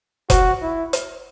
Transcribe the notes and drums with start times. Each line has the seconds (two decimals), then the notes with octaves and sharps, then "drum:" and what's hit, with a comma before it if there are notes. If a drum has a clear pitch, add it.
0.30 F#4, drum: kick F1, hi-hat
0.61 E4
0.93 drum: hi-hat